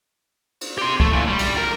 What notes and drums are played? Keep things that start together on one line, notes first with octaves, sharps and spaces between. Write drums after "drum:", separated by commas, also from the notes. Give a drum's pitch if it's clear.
drum: cymbal
G4 C6
A3, drum: kick C2
A#2 E3
G3
drum: cymbal
A#4